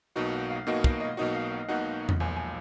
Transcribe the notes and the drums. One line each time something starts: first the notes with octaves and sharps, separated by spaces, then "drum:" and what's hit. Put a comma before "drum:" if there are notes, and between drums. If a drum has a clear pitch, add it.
B1 B2 A#3 D#4 F#4 F#5
F#5
F5
B1 B2 A#3 D#4 F#4 D#5
F5, drum: kick
D#5
B1 B2 A#3 D#4 F#4 D#5
F5
F5
B1 B2 A#3 D#4 F#4 F#5
drum: tom E2
B1 A#2 F3 G#5
G#5